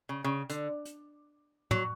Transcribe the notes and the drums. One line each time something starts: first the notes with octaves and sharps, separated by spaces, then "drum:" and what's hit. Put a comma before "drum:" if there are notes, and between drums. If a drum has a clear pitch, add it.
C#3
C#3
D3, drum: hi-hat
drum: hi-hat
F#3, drum: tom